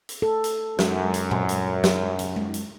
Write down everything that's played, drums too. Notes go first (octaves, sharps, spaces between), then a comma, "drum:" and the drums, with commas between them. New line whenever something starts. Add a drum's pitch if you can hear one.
drum: hi-hat
A4
drum: hi-hat
F#2 G#3, drum: snare
drum: hi-hat
drum: tom A#2
drum: hi-hat
drum: snare
drum: hi-hat
drum: tom G#3
drum: hi-hat